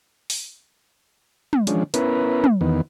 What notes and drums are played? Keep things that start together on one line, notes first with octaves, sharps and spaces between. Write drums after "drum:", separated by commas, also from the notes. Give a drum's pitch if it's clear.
drum: open hi-hat
drum: tom
F3 G#3 C#4 D4, drum: hi-hat
B3 C#4 E4 A#4 B4, drum: hi-hat
drum: tom
E2 D#3 B3